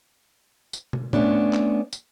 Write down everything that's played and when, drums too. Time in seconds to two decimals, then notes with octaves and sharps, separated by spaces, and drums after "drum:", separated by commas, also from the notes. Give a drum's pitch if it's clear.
0.73 drum: tambourine
0.93 drum: tom
1.13 A3 B3 C#4 D4 C#5, drum: tom A2
1.53 drum: clap
1.93 drum: tambourine